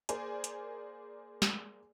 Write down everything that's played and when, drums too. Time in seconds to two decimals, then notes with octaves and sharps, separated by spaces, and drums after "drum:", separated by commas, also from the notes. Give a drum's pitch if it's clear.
0.09 A#3 G#4 A#4 C5 D5 G#5, drum: hi-hat
0.44 drum: hi-hat
1.42 drum: snare